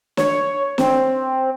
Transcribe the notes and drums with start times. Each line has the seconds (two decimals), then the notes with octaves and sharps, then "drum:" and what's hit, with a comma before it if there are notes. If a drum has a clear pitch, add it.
0.17 C#5, drum: snare
0.78 C4, drum: snare